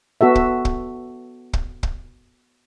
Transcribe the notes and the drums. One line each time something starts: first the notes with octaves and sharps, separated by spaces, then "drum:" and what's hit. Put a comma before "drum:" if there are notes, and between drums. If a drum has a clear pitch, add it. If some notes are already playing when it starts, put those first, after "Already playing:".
B3 F#4 A4 E5
drum: kick
drum: kick
drum: kick
drum: kick